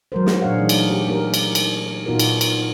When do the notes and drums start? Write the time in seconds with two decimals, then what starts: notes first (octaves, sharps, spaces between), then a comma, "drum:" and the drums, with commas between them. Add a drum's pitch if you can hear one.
0.12 F#3 G#3 A#4 C5
0.26 drum: snare
0.41 A#2 D4 G#4 C#5 F5 F#5
0.58 E3 A3 D#4
0.69 drum: cymbal
0.91 G4
1.08 A#3 G4 A#4
1.34 drum: cymbal
1.55 drum: cymbal
2.06 A#2 B3 D#4 F4 F#4 A#4
2.19 drum: cymbal
2.41 drum: cymbal